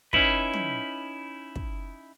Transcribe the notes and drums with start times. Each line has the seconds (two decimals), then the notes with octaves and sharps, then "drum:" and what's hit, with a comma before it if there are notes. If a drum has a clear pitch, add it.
0.13 C#4 D#4 E4 B4, drum: kick
0.53 drum: tom
1.56 drum: kick